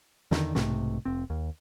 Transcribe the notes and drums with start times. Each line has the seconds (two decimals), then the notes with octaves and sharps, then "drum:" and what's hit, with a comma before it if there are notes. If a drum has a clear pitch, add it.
0.31 E2 D3 D#3, drum: snare
0.55 B1 G#2 C3 A3, drum: snare
1.05 F1 C4
1.30 D#2